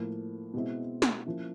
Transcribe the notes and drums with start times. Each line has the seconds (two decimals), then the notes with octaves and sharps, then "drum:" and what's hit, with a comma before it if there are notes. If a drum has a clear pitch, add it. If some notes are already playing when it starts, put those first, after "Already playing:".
Already playing: A2 F3 A#3
0.54 B2 G#3 C4 E4
1.02 drum: snare
1.26 F3 A#3 C#4 E4